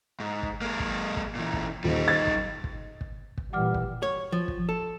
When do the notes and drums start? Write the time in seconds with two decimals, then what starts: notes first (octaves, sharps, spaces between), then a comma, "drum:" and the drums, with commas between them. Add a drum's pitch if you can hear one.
0.20 G#2
0.43 drum: kick
0.61 G#3 A#3
0.80 drum: kick
1.16 drum: kick
1.35 A#2 E3
1.53 drum: kick
1.84 D#1 G3 D#4
2.08 A6
2.27 drum: kick
2.64 drum: kick
3.01 drum: kick
3.38 drum: kick
3.53 A#2 E3 G3 F#5 D6 F6
3.74 drum: kick
4.03 C#5
4.32 F3
4.48 drum: kick
4.69 A4